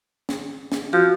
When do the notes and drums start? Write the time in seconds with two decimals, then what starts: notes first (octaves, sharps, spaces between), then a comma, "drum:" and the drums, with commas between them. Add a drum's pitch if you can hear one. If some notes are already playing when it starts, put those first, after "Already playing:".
0.29 drum: snare
0.72 drum: snare
0.93 F3 F#4